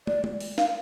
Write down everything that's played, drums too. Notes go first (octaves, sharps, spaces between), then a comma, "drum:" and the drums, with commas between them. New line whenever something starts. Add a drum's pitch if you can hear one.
D5, drum: tom
drum: tom
drum: open hi-hat
F5, drum: snare